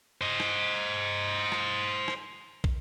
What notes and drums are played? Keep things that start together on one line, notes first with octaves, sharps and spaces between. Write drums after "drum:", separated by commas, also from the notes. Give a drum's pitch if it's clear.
C5 D#5
drum: rim click
drum: rim click
drum: rim click
drum: kick